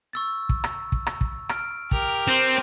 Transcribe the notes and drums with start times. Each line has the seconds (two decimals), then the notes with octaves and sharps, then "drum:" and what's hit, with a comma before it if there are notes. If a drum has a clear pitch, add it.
0.13 C#6 E6 A6
0.49 drum: kick
0.64 drum: rim click
0.92 drum: kick
1.07 drum: rim click
1.21 drum: kick
1.49 F6 D7, drum: rim click
1.91 G4 A#4, drum: kick
2.28 C4 G6 D#7